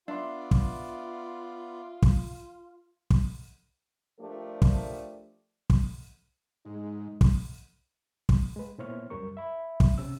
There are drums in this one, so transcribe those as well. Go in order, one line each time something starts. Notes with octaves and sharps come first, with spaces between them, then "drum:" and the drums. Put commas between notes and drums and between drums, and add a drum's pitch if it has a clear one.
B3 D4 F4 D5 E5 C6
drum: kick
drum: kick
drum: kick
F3 A3 D4 G4 A#4 D5
drum: kick
drum: kick
G#2 G#3 D#4
drum: kick
drum: kick
G#3 B4
A#2 B3 E4 C5 C#5 F6
C#2 F#2 G3 A#4 C#6
E5 B5
drum: kick
C3 C#4 E6